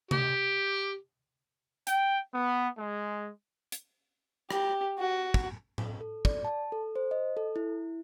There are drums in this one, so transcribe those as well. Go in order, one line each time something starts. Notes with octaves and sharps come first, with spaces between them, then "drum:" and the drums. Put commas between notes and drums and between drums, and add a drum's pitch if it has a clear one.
G4, drum: tom C3
G5, drum: hi-hat
B3
G#3
drum: hi-hat
G4, drum: rim click
F#4
drum: kick
drum: tom A2
A4
D5, drum: kick
A5
A4
C5
D#5
A4
E4